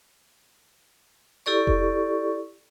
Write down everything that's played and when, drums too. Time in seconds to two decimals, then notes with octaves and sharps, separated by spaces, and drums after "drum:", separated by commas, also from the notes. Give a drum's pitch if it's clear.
1.46 E4 G4 A4 D5 C#6
1.67 drum: kick F1